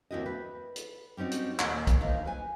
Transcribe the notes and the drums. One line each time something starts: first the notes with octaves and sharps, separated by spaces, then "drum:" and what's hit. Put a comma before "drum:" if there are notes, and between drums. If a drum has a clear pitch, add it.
D#2 D#3 C4 E4 F#4 D#5
B4
drum: hi-hat
G3 C4 C#4 D#4 F#4
drum: hi-hat
D#2 A#2, drum: clap
drum: kick, hi-hat
D#2 D#3 C5 F5
B4 G#5